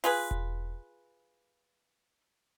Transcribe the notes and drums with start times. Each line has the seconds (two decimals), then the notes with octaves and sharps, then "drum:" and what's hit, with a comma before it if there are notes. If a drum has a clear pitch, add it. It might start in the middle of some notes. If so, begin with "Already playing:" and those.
0.04 F4 G#4 B4, drum: open hi-hat
0.31 drum: kick E1